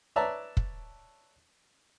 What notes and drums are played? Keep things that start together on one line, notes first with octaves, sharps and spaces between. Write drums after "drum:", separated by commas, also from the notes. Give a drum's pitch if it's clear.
B4 C#5 D5 E5 A5 A#5
drum: kick